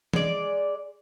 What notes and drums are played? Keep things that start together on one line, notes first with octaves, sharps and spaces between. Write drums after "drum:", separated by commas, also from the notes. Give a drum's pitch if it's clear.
G#3 D5, drum: tom